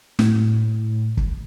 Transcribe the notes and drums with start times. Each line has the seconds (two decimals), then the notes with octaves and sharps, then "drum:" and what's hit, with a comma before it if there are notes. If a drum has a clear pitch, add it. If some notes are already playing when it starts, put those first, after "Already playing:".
0.19 A2, drum: snare
1.17 drum: kick